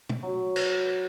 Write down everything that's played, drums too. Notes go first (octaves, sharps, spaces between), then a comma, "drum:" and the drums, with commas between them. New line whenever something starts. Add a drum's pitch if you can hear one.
drum: tom
F#3
drum: cymbal